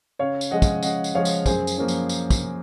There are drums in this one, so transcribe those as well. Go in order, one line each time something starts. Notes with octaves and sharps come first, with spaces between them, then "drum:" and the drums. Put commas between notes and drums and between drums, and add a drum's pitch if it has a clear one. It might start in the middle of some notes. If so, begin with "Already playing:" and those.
C#3 C#5 F5
drum: tambourine
F3 G#3 D#5 F#5
drum: kick, tambourine
C#3 D#5 F#5, drum: tambourine
drum: tambourine
F3 G#3 C#5 F5
drum: tambourine
F#2 G#4 C5, drum: kick, tambourine
drum: tambourine
F3 A#3 C#4
drum: tambourine
drum: tambourine
drum: kick, tambourine